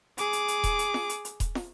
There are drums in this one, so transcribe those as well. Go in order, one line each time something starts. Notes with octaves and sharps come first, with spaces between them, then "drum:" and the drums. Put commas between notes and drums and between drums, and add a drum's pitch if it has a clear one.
G#4 D6, drum: hi-hat
drum: hi-hat
drum: hi-hat
drum: kick D#1, hi-hat
drum: hi-hat
drum: snare
drum: hi-hat
drum: hi-hat
drum: kick D#1, hi-hat
drum: snare